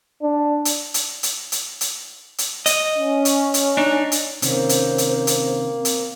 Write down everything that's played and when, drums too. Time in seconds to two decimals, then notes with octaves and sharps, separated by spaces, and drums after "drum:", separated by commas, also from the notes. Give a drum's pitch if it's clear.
0.22 D4
0.65 drum: hi-hat
0.94 drum: hi-hat
1.23 drum: hi-hat
1.52 drum: hi-hat
1.81 drum: hi-hat
2.38 drum: hi-hat
2.66 D#5, drum: hi-hat
2.97 C#4
3.25 drum: hi-hat
3.54 drum: hi-hat
3.77 D4 D#4
4.12 drum: hi-hat
4.42 C3 D#3 A#3 C4 C#4 C5, drum: hi-hat
4.69 drum: hi-hat
4.98 drum: hi-hat
5.27 drum: hi-hat
5.85 drum: hi-hat